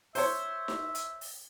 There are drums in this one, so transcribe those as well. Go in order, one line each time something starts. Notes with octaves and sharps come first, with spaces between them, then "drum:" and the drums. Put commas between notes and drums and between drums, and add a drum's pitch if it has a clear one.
C5 C#5 E5, drum: open hi-hat
drum: snare D#4
drum: hi-hat
drum: open hi-hat